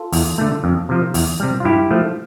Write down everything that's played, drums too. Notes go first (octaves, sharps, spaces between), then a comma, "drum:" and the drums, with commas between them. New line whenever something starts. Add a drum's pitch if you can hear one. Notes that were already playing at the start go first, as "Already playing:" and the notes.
Already playing: F4 A4
E2, drum: open hi-hat
D3 A3
F2
C3 F3
E2, drum: open hi-hat
C3 G3
F4
G2 E4 G4
F3 A3